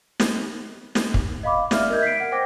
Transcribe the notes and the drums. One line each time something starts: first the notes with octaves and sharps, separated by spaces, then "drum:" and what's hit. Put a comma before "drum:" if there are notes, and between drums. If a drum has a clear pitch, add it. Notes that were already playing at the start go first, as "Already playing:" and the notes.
drum: snare
drum: snare
drum: kick
D#5 F5 B5 D6
D5 E5 F6, drum: snare
A#4 D#5 E5 G6 G#6
B6 C7 D7
F#5
C5 F#5 G5 D6 A#6